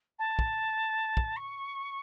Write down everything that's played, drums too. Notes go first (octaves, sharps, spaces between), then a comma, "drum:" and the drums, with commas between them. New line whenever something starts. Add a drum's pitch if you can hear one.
A5
drum: kick
drum: kick
C#6